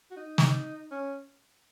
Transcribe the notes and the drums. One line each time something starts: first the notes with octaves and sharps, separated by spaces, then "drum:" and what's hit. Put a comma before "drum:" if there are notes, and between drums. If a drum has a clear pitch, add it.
F#4
D#4
drum: snare
C#4